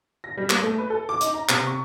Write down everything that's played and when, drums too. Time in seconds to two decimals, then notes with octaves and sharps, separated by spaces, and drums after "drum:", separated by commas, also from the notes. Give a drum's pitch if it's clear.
0.24 A#6
0.37 G3
0.50 A#3, drum: clap
0.62 A3
0.78 B4
0.90 A4
1.09 D6
1.21 D#4, drum: hi-hat
1.34 A#5
1.49 C3, drum: clap
1.67 C#6